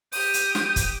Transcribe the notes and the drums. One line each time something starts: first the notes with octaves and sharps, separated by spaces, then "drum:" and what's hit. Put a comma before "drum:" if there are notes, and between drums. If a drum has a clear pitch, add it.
G4 D#6 G6, drum: open hi-hat
drum: hi-hat
drum: snare
drum: kick, hi-hat